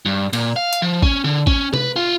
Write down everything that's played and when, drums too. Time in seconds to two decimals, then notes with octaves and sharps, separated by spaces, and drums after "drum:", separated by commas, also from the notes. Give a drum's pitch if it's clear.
0.06 G2
0.33 A#2, drum: cymbal
0.56 F5
0.73 drum: hi-hat
0.82 F3
1.03 C#4, drum: kick
1.24 D3
1.47 C#4, drum: kick
1.74 B4, drum: tom C3
1.96 F4